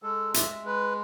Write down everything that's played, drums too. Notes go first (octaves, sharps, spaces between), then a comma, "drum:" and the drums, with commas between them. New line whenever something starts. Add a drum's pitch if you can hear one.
G#3 A4
E5, drum: hi-hat
G#3
B4